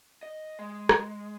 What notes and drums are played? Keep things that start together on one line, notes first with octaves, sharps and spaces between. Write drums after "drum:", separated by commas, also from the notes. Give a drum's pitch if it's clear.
D#5
G#3
drum: rim click